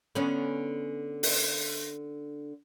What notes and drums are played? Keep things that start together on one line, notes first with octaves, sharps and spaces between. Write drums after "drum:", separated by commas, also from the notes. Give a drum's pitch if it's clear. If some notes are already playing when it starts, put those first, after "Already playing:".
D3 B3 C#4
drum: open hi-hat